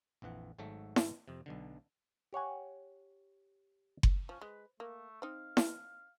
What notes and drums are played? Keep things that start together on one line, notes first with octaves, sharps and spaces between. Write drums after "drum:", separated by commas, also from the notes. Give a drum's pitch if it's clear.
A#1 F2 E3 F#5
G#1 G#2 F#3 A3 A4 E5
drum: snare E4
F2 C3
B1 B2 D3
G4 C#5 F#5 G#5
drum: kick F#1
F3 C#4
G#3 B4
A3 A#3
C4 D#4 F5
drum: snare E4